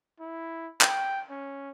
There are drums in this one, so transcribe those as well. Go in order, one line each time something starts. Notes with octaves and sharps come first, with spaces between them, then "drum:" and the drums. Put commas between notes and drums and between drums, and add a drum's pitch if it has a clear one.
E4
G5, drum: clap
C#4